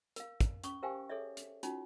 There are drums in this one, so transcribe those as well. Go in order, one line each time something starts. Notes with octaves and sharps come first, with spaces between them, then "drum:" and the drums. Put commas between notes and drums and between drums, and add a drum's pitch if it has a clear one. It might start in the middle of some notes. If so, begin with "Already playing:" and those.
A#4 F5, drum: hi-hat
drum: kick, hi-hat
C#4 C#6 D#6, drum: hi-hat
G4 A#4 C5 F5 G5 G#5
G#4 A4 C#5 D5 E5
drum: hi-hat
C#4 D#4 F4 F#4, drum: hi-hat